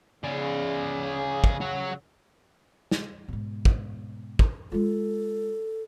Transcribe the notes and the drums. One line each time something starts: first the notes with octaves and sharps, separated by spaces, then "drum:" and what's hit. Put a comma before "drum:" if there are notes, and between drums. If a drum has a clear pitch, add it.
C#3 G#4 D5
drum: kick
F#4 C#5
drum: snare
G#2 B2
drum: kick
drum: kick
G#3 F4 A4